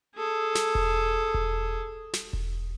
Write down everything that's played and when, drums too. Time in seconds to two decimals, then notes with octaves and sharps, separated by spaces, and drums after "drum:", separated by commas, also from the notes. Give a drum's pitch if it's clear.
0.16 G#4 A4
0.55 drum: snare
0.75 drum: kick E1
1.34 drum: kick E1
2.13 drum: snare
2.33 drum: kick E1